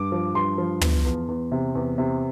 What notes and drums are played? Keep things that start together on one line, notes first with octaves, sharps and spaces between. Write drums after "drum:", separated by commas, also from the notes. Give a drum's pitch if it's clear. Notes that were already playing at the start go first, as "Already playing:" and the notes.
Already playing: G2 D6
F3
G2 C6
F3
E2, drum: tom
E2
E2
C3
E2
C3